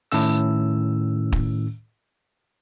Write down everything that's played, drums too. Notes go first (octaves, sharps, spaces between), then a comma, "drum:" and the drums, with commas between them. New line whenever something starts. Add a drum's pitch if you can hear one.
A2 D#3 C#4 E6, drum: open hi-hat
drum: kick